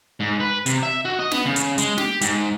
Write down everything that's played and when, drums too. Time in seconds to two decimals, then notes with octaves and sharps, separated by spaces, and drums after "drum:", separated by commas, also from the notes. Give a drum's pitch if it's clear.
0.20 G#2
0.40 B4
0.66 C3, drum: hi-hat
0.83 E5
1.05 F#4
1.19 D#5
1.31 B3, drum: snare
1.46 C#3
1.56 drum: hi-hat
1.78 G#3, drum: hi-hat
1.98 G4, drum: snare
2.21 G#2, drum: hi-hat